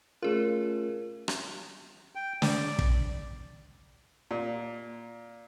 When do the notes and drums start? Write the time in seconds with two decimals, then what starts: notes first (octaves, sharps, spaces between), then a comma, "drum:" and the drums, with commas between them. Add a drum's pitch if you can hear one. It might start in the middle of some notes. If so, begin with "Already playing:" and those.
0.23 A3 C#4 F4 G#4 A#4
1.28 drum: rim click
2.15 G5
2.42 D5, drum: snare
2.79 drum: kick
4.31 A#2